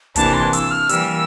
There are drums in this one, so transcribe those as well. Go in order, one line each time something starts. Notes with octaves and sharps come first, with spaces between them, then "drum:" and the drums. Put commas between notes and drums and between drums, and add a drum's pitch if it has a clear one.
C3 E3 A#3 D4 A5, drum: kick, hi-hat
C6
E6, drum: hi-hat
F6
E3 G3 A#3 E6, drum: hi-hat